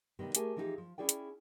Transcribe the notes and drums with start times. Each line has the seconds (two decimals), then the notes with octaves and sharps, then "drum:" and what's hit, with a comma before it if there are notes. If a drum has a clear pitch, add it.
0.19 C3 D#3 G3 B3 G4
0.35 A3 G4 G#4 A#4 G#5 A5, drum: hi-hat
0.56 E3 F3 D#4 F4 G4 G#4
0.78 F3
0.98 C#4 E4 G#4 D5 G5
1.09 drum: hi-hat